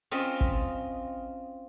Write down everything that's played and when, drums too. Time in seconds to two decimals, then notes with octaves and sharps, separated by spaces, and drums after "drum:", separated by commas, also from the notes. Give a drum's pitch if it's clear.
0.11 C4 C#4 F4 D#5 E5
0.41 drum: kick